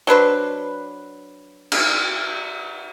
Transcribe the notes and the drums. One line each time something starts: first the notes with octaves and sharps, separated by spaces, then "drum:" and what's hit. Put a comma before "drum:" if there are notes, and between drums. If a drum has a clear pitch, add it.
F#3 D4 B4 C5
drum: cymbal